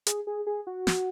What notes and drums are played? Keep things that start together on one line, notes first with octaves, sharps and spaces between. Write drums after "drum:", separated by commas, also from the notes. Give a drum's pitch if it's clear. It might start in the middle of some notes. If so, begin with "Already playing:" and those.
G#4, drum: hi-hat
G#4
G#4
F#4
drum: snare